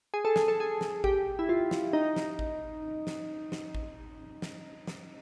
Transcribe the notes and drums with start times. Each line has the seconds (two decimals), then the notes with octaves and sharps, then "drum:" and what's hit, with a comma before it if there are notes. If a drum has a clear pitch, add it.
0.14 G#4
0.25 A4
0.36 G#4, drum: snare
0.48 A4
0.60 G#4
0.81 drum: snare
1.04 G4, drum: kick G#1
1.39 E4
1.49 F4
1.71 drum: snare
1.93 D#4
2.16 drum: snare
2.39 drum: kick G#1
3.07 drum: snare
3.52 drum: snare
3.75 drum: kick G#1
4.42 drum: snare
4.87 drum: snare